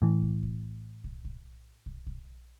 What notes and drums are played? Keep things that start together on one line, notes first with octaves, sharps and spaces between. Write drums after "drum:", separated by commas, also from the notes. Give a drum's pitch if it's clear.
A2 E3
drum: kick
drum: kick
drum: kick
drum: kick
drum: kick
drum: kick